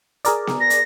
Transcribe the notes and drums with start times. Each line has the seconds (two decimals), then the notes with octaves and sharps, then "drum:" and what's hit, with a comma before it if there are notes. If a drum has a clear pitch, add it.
0.25 G#4 A#4 D5, drum: hi-hat
0.47 drum: snare B3
0.61 A#6
0.70 drum: hi-hat